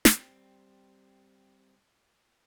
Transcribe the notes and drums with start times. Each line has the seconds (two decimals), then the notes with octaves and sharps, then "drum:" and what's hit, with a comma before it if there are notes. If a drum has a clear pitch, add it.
0.05 G3 C4, drum: snare